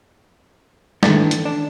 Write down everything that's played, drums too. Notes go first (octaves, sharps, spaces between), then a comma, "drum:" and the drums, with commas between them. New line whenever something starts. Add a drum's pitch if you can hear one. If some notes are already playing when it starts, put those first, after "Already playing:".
D#3 E3 F#3 A3 D4, drum: snare
drum: hi-hat
D4